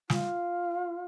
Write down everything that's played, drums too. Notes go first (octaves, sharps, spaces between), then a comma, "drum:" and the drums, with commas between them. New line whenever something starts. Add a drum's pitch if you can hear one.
F4, drum: snare